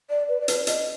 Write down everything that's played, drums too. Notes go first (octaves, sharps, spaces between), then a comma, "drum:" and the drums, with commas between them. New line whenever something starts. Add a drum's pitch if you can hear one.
D5
B4
D5
B4, drum: hi-hat
D#5, drum: hi-hat